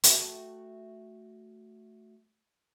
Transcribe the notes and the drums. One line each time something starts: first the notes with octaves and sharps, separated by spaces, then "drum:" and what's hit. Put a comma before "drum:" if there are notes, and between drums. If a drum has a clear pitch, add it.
A3 F#4 A4 E5 F#5 G5, drum: hi-hat